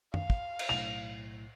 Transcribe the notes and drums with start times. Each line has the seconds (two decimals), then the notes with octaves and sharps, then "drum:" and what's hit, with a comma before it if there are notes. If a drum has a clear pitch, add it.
0.14 F5, drum: tom F#2
0.30 drum: kick
0.59 drum: cymbal
0.69 B1 A2 F7